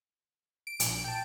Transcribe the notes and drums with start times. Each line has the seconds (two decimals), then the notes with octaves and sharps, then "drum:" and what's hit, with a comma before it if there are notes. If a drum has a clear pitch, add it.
0.67 D7
0.80 A#1, drum: hi-hat
1.04 G5 A5